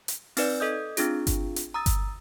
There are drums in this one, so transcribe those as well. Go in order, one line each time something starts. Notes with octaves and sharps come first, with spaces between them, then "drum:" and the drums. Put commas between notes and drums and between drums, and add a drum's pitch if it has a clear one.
drum: hi-hat
C4 D#4 B4 D5, drum: open hi-hat
A4 D#5 D#6 G6
C4 D4 F4 G#4, drum: hi-hat
drum: kick G1, hi-hat
drum: hi-hat
A#5 D#6 E6 A6
drum: kick G1, hi-hat